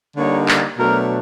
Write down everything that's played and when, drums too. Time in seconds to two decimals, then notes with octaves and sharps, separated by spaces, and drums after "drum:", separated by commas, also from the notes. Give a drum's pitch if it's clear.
0.17 D3 G3 A#3 D#4 C#5
0.48 drum: clap
0.78 B2 F#3 A3 D4 A#4